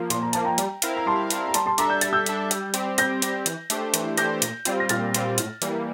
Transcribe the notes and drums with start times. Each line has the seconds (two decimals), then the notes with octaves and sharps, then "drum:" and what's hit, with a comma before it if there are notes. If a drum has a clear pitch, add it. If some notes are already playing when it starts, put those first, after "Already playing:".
Already playing: F3 A#3
0.10 A#2 C6, drum: hi-hat
0.22 A#5
0.33 F3 A#3 A5, drum: hi-hat
0.45 G5 A#5
0.58 G3, drum: hi-hat
0.82 C4 E4 A#4 F5, drum: hi-hat
0.97 A#5
1.06 G3 A5 C6
1.30 C4 E4 A#4 F5, drum: hi-hat
1.48 A#5
1.54 G3 A5 C6, drum: hi-hat
1.66 A5 C6
1.78 D4 A4 E5 A#5 D6, drum: hi-hat
1.90 G6
2.01 G3 A6, drum: hi-hat
2.13 E6 G6
2.26 D4 A4 E5, drum: hi-hat
2.51 G3, drum: hi-hat
2.74 C4 G4, drum: hi-hat
2.98 G3 G6 A#6, drum: hi-hat
3.22 C4 G4, drum: hi-hat
3.46 E3, drum: hi-hat
3.70 A3 D4 G4 C5, drum: hi-hat
3.94 E3, drum: hi-hat
4.18 A3 D4 G4 C5 G6 A#6, drum: hi-hat
4.42 A#2, drum: hi-hat
4.65 G3 C4 F4, drum: hi-hat
4.80 A#6
4.89 A#2 F6 A6, drum: hi-hat
5.14 G3 C4 F4, drum: hi-hat
5.38 A2, drum: hi-hat
5.62 E3 G3 A#3, drum: hi-hat